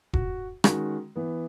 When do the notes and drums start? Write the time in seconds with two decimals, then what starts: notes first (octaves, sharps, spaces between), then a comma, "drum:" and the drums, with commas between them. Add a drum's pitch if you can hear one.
0.13 F#4, drum: kick E1
0.64 D#3 G#3 C#4 F#4, drum: rim click
1.16 E3 B3